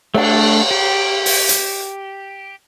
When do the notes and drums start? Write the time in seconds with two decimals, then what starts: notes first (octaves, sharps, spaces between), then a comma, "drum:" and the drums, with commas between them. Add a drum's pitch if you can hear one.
0.14 A3 D4, drum: cymbal
0.71 G4
1.26 drum: open hi-hat
1.49 drum: hi-hat